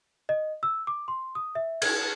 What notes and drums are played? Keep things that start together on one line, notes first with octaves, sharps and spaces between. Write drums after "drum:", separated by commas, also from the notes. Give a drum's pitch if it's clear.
D#5
E6
D6
C6
D#6
E5
G#6, drum: cymbal